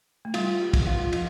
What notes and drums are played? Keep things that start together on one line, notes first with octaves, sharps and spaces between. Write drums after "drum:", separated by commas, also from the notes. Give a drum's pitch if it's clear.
A3
G3 F4, drum: cymbal
G3
drum: kick, cymbal
F4
F3 F4, drum: cymbal